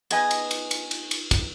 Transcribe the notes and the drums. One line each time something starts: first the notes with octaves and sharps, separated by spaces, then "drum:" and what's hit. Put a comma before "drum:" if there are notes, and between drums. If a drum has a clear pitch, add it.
B3 G#4 B4 D#5 G#5, drum: cymbal
drum: cymbal
drum: cymbal
drum: cymbal
drum: cymbal
drum: cymbal
drum: kick, cymbal